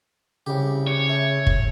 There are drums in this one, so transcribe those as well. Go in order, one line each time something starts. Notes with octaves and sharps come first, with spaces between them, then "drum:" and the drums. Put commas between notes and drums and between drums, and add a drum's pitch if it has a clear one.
C2 C#3 G4
C#5
A3
drum: kick F#1